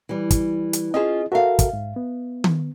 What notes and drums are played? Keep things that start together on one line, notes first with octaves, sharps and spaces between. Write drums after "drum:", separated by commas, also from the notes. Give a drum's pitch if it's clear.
E3 G3
drum: kick, hi-hat
drum: hi-hat
C#4 F4 G#4 D#5 A5
F#4 A4 A#4 E5 F5
drum: kick, hi-hat
G#2
B3
drum: tom D#3